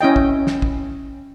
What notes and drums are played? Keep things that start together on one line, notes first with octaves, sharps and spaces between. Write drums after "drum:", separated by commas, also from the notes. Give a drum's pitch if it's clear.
C#4 E4 D#5 G5
drum: kick
drum: snare
drum: kick